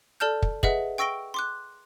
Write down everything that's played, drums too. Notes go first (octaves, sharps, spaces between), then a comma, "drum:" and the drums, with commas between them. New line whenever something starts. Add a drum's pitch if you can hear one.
A4 D5 A5 F6 G6
drum: kick
G#4 B4 D#5 E5 F#5, drum: kick
G5 C#6 E6 A#6 D7 G7
C6 D6 F#6